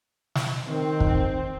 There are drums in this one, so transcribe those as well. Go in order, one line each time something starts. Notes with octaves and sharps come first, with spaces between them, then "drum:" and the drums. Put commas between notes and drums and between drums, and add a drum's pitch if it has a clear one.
drum: snare
D#3 C4
drum: kick